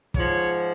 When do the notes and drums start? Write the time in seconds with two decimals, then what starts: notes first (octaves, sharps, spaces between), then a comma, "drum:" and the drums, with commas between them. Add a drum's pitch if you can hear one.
0.14 G#2 F3 C#5, drum: kick, hi-hat